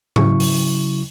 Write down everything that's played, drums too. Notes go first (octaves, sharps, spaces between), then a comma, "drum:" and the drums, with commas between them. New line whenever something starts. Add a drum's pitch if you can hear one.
C#3 F#3 E4 C#6, drum: tom G#2
drum: open hi-hat